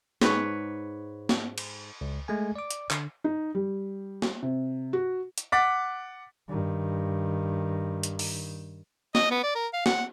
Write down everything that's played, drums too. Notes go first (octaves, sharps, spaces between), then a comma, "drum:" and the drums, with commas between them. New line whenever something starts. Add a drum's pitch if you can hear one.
G#2 B4 C#5, drum: snare
drum: snare
drum: cymbal
C#2
G#3 A3 G#5
D5 D6
drum: hi-hat
D3, drum: clap
D#4
G3
drum: snare
C3
F#4
drum: hi-hat
F#5 D6 A6 B6
G2 D#3
drum: hi-hat
drum: open hi-hat
D#5, drum: snare
B3
D5
A#4
F5
F#5, drum: snare